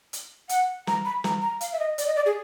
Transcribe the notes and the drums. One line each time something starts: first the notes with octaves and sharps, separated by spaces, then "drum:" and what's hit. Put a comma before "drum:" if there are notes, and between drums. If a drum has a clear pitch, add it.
drum: hi-hat
F#5, drum: hi-hat
A#5, drum: snare
B5
A#5, drum: snare
A#5
F5, drum: hi-hat
E5
D#5
D5, drum: hi-hat
D#5
D5
G#4